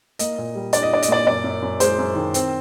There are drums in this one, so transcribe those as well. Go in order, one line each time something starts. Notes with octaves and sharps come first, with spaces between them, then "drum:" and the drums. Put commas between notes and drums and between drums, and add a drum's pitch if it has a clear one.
A#3 D#5, drum: hi-hat
A#2
G3
D4 D5, drum: hi-hat
D#5
D4 D5
D#5, drum: hi-hat
A#2 D5
F#2 D5
F#2
F#2
G#3 C5, drum: hi-hat
F#2
D#3
C4, drum: hi-hat